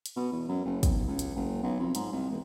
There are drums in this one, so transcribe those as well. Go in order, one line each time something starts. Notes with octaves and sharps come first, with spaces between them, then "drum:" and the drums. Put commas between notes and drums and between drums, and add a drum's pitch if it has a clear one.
drum: hi-hat
B2
E2
F#2
F#1
B1, drum: kick, hi-hat
C#2
drum: hi-hat
F#1
B1
F2
G#2, drum: hi-hat
C2
E1